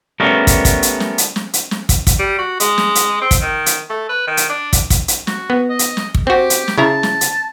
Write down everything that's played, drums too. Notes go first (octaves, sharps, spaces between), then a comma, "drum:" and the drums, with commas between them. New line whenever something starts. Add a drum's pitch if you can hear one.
G3 A3 B3 C#4 A#4
drum: kick, hi-hat
drum: kick, hi-hat
drum: hi-hat
drum: snare
drum: hi-hat
drum: snare
drum: hi-hat
drum: snare
drum: kick, hi-hat
drum: kick, hi-hat
G3
F#4
G#3, drum: hi-hat
drum: snare
drum: hi-hat
C4
drum: kick, hi-hat
D#3
drum: hi-hat
A3
B4
D#3
drum: hi-hat
D4
drum: kick, hi-hat
drum: kick, hi-hat
drum: hi-hat
F#4, drum: snare
B3
D#5
drum: hi-hat
drum: snare
drum: kick
C4 F#4 G4
drum: hi-hat
drum: snare
C#3 E4 A5 A#5
drum: snare
drum: hi-hat